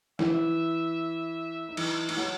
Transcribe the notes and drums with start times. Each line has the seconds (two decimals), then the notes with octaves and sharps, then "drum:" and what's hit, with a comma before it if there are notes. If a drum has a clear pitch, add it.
0.19 E3 E4 E5, drum: snare
1.69 D#4
1.77 E3 E4 D#5, drum: cymbal
2.09 E4, drum: cymbal
2.17 F#3 F#4